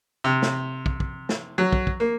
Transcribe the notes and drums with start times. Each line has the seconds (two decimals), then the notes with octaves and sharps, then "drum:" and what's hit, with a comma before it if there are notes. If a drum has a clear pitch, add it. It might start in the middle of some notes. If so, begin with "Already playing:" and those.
0.24 C3
0.42 drum: snare
0.86 drum: kick
1.00 drum: kick
1.29 drum: snare
1.58 F#3
1.73 drum: kick
1.87 drum: kick
2.00 A#3